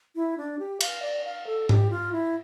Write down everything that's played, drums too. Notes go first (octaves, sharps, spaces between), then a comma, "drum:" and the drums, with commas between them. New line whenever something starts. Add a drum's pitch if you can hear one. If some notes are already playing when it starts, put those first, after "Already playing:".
E4
D4
G4
F5, drum: cymbal
D5
F5
A4
G4, drum: tom G#2
F4
E4